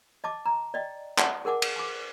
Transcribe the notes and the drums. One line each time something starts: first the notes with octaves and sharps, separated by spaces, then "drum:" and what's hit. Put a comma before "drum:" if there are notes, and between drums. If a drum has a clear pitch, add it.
D#5 A5 D6
A#5
D5 D#5 G5
D5 F#5 G#5 A5, drum: clap
G#4 A#4 F#5 G#5 D6
drum: cymbal
G#5 D6